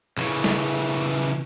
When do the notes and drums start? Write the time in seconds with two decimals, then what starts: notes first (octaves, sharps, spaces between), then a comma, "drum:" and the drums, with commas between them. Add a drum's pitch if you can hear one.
0.18 C#3 E3, drum: clap
0.44 drum: snare